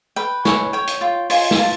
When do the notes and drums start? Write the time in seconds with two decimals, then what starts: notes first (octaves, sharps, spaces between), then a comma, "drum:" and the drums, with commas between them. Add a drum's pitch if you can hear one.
0.16 B4 G5
0.45 C#5 G#5, drum: snare
0.73 C#5 G5
0.87 drum: hi-hat
1.01 F4 G5
1.30 F4 G#5, drum: open hi-hat
1.51 G#5, drum: snare
1.58 F4 A5